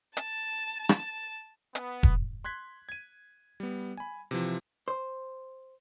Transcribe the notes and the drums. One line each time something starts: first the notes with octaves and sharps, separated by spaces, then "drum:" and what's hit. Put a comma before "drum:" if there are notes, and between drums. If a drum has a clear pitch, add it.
A5, drum: hi-hat
drum: rim click
B3, drum: hi-hat
drum: kick E1
C6 F#6 G#6 B6
G#6 D#7
G3 B3
G#5 B5
C3 E3 F3
C5